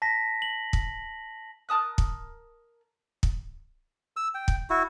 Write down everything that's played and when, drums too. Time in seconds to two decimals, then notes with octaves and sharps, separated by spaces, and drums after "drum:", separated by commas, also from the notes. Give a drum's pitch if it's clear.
0.02 A5 A#6 B6
0.42 F#7
0.73 drum: kick
1.69 A#4 A5 D#6 F#6
1.98 drum: kick
3.23 drum: kick
4.17 E6
4.35 G5
4.48 drum: kick
4.70 E4 F#4